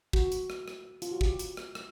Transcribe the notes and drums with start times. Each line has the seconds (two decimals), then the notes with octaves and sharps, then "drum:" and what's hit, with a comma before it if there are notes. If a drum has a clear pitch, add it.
0.13 F#4, drum: kick
0.32 drum: hi-hat
0.50 drum: rim click
0.68 drum: rim click
1.02 F4, drum: hi-hat
1.11 F#4
1.21 G4, drum: kick
1.39 drum: hi-hat
1.57 drum: rim click
1.75 drum: rim click